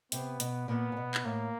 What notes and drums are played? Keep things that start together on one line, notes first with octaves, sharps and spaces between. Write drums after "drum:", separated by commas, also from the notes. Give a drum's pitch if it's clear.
C3 B3, drum: hi-hat
B2, drum: hi-hat
A#2 B3
A#2
B2
drum: clap
A2 A#3